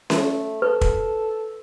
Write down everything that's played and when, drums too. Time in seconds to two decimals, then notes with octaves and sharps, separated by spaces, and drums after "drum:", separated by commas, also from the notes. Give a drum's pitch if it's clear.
0.10 A3, drum: snare C#4
0.62 A4 B4
0.81 drum: kick